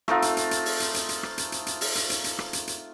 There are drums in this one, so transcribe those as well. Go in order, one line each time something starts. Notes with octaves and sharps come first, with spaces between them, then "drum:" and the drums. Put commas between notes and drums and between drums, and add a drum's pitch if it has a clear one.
A3 C4 D#4 F4, drum: rim click
drum: hi-hat
drum: hi-hat
drum: hi-hat
drum: open hi-hat
drum: hi-hat
drum: hi-hat
drum: hi-hat
drum: rim click
drum: hi-hat
drum: hi-hat
drum: hi-hat
drum: open hi-hat
drum: hi-hat
drum: hi-hat
drum: hi-hat
drum: rim click
drum: hi-hat
drum: hi-hat